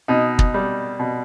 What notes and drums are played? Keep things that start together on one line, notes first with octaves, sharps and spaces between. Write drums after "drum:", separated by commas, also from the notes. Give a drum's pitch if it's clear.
B2 D#4
drum: kick
G3
B2